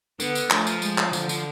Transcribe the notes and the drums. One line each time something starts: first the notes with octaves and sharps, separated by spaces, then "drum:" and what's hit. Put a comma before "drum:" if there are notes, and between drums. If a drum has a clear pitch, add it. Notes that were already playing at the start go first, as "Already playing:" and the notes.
D3 B3, drum: tambourine
drum: tambourine
F3 A3, drum: clap
drum: tambourine
G#3, drum: tambourine
drum: clap
D3 F3, drum: tambourine
F3, drum: tambourine